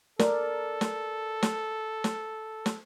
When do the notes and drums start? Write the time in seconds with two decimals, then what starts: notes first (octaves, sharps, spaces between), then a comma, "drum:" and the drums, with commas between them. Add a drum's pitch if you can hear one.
0.19 A4 A#4 D5, drum: snare
0.81 drum: snare
1.43 drum: snare
2.04 drum: snare
2.66 drum: snare